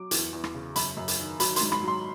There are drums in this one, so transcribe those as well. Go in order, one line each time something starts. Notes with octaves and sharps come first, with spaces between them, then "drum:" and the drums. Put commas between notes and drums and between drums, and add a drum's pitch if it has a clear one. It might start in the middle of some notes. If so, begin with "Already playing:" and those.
Already playing: F#3 D6
E2, drum: hi-hat
E2
drum: rim click
C#3
F#2 B5, drum: hi-hat
F#2
drum: hi-hat
D#3
F#3 B5, drum: hi-hat
C6, drum: hi-hat
G#2
B5, drum: rim click
F#3 C6